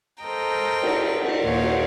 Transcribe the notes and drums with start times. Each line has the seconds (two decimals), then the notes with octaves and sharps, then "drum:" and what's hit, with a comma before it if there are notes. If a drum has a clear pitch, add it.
0.23 A4 A#4 C5 D#5 G5 A#5
0.83 drum: cymbal
1.23 drum: cymbal
1.43 D#2 A#2 C5 C#5 F5 F#5
1.64 drum: cymbal